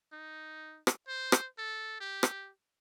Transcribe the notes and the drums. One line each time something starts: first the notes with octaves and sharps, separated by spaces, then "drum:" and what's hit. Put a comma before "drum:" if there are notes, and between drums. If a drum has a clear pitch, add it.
D#4
drum: rim click
C5
drum: rim click
A4
G4
drum: rim click